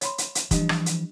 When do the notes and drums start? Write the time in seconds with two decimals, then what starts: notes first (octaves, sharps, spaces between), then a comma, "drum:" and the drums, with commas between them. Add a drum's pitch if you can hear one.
0.01 C#5 B5 C6, drum: hi-hat
0.18 drum: hi-hat
0.35 drum: hi-hat
0.51 E3 F3 G3 D4 G4, drum: kick, hi-hat
0.69 drum: rim click
0.86 drum: hi-hat